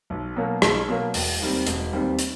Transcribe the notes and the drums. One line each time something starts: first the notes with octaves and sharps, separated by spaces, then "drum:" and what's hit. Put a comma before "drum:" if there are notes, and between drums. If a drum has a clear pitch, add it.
B1
B2 F#3 A#3
B1, drum: rim click
B2 F#3 A#3
E1, drum: open hi-hat
D#2 D#3 G3 C4
E1, drum: hi-hat
D#2 D#3 G3 C4
drum: hi-hat